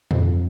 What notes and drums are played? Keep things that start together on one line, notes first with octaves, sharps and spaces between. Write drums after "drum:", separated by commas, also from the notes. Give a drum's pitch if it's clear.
F2, drum: tom